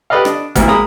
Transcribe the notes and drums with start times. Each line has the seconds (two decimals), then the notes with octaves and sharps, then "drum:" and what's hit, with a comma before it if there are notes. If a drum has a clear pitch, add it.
0.10 G4 A4 B4 D5 D#5 F5
0.25 D4 D#5, drum: rim click
0.56 D2 B2 A#3 E4, drum: kick, hi-hat
0.68 G#3 A#3 A#5 B5 D#6